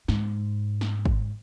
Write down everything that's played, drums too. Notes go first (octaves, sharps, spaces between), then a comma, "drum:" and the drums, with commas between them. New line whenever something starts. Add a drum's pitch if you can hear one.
G#2, drum: snare
drum: snare
drum: kick